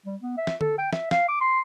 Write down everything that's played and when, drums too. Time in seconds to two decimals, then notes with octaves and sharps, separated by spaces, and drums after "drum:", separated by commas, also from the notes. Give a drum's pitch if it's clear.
0.06 G3
0.22 B3
0.37 E5
0.47 drum: snare
0.61 A4, drum: tom D3
0.78 G5
0.93 E5, drum: snare
1.11 F5, drum: snare
1.28 D6
1.41 C6